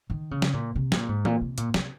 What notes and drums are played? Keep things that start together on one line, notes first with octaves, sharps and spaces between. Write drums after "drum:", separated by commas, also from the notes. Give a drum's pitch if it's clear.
D#3
C#3
drum: snare
A#2
C3
A#2, drum: snare
G#2
A#2, drum: tom E3
C3
A#2, drum: hi-hat
C3, drum: snare